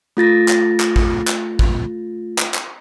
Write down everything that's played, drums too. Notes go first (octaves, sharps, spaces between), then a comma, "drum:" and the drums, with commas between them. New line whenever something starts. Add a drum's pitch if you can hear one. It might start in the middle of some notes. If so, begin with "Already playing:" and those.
A3 F4 A6 A#6
drum: clap
drum: clap
drum: kick
drum: clap
drum: kick
drum: clap
drum: clap